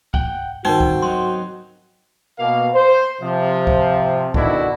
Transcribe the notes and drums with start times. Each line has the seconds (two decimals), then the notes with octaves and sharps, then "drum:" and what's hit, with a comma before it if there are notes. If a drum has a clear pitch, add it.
0.14 F#5 G5, drum: kick C#2
0.65 G2 D#3 C4 D#4 F#4 A#4
0.80 drum: kick C#2
1.02 F#3 D#4 C6
2.38 B2 A#3 F5
2.74 C5
3.22 C3 F3
3.67 drum: kick C#2
4.34 B2 D3 D#3 D4 E4 F#4, drum: kick C#2